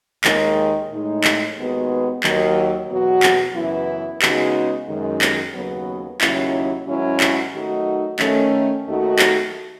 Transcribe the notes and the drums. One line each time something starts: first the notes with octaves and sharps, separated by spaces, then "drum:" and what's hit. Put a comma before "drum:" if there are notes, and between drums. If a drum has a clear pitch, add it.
D#2 D#3 G#3, drum: clap
A2 G#3 D#4
drum: clap
D#2 D#3 G#3 B3 F#4
D#2 D#3 F#3, drum: clap
E2 B2 F#3 B3 F#4
drum: clap
F#2 C#3 E3 B3 E4
C#3 G#3 B3 D#4 F#4, drum: clap
F#2 D#3 G#3
drum: clap
D#2 C#3 F#3 B3
D#2 C#3 F#3 C#4 E4, drum: clap
G#2 D#3 F#3 C#4 E4
drum: clap
D#3 F#3 A3 D#4 F#4
D#3 A3 C#4, drum: clap
D#2 D#3 A3 D#4 F#4
drum: clap